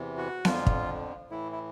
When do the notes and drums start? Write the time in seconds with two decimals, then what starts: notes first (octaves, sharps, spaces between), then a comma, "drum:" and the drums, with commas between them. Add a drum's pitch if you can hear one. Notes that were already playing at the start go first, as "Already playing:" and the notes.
Already playing: E2 C3 E3
0.17 F#4
0.45 F2 D3 F3 F4, drum: snare B3
0.67 drum: kick
1.30 A2 E3 E4
1.52 E4